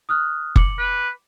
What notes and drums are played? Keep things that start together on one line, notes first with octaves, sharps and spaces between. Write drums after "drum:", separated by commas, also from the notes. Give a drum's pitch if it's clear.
D#6 F6 F#6
D6 C#7 F#7, drum: kick F#1
B4